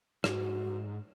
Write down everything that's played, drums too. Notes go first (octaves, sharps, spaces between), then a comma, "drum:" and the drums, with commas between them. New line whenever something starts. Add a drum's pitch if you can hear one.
G#2 F#4, drum: rim click